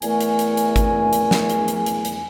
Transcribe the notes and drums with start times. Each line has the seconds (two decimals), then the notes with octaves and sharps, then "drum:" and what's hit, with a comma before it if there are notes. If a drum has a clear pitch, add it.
0.02 E2 A3 A#4 G#5, drum: hi-hat
0.20 drum: hi-hat
0.39 drum: hi-hat
0.57 drum: hi-hat
0.76 drum: kick G#1, hi-hat
1.13 drum: hi-hat
1.31 drum: snare
1.50 drum: hi-hat
1.68 drum: hi-hat
1.86 drum: hi-hat
2.05 drum: hi-hat